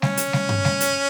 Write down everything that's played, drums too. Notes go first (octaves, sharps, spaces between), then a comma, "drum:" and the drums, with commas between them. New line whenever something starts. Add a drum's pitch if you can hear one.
C#4, drum: snare G3
drum: hi-hat
drum: snare G3
drum: tom G2
drum: snare G3
drum: hi-hat